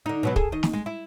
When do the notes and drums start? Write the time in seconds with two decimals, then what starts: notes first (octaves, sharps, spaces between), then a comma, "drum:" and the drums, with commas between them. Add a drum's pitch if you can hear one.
0.06 D3 D#4
0.23 B2 F#3 B3
0.36 G#4 A4, drum: kick
0.52 D#3 D#5
0.63 drum: snare
0.73 G#3
0.86 E4